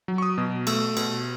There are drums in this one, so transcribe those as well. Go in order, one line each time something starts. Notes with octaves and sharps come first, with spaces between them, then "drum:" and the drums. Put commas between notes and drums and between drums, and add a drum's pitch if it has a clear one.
F#3
C#6
D#6
B2
A3 E6, drum: cymbal
B2, drum: cymbal